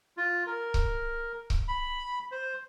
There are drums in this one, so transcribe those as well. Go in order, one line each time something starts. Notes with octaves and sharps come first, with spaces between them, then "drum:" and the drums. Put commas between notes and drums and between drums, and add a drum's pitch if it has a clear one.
F4
A#4
drum: kick C#1
drum: kick C#1
B5
C5